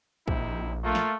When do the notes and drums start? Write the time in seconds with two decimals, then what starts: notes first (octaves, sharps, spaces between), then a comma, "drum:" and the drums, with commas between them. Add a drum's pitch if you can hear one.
0.28 A#1 C3 D#4 E4, drum: kick
0.84 A3 A#3 F4
0.95 drum: snare